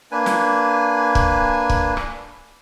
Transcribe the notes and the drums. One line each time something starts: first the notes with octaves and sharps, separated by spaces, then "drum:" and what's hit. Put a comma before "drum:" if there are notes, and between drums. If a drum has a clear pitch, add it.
A#3 D4 B4 G#5
drum: snare
drum: kick
drum: kick
drum: rim click